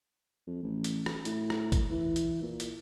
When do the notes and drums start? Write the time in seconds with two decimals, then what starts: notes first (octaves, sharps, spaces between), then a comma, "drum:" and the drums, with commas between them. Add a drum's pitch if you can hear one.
0.47 F2
0.62 A1
0.84 drum: hi-hat
1.06 drum: rim click
1.25 A2, drum: hi-hat
1.50 drum: rim click
1.72 drum: kick G#1, hi-hat
1.90 E3
2.16 drum: hi-hat
2.42 A#2
2.60 drum: hi-hat